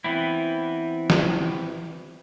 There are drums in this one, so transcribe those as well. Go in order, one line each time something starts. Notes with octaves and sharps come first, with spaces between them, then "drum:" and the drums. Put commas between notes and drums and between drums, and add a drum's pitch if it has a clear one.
E3 B3 C4 E4
drum: snare